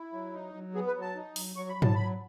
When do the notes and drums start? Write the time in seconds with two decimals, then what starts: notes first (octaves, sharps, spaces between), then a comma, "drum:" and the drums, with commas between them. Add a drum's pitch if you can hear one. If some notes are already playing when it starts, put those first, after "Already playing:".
Already playing: E4
0.13 F#3
0.33 D#4
0.54 F#3
0.74 B3 G#4
0.87 B4
0.94 F#3
1.01 A5
1.15 D#4
1.36 F#3, drum: open hi-hat
1.56 F#3 C#6
1.69 B5
1.76 F#3
1.82 A5, drum: tom G#2
1.95 F#3 B5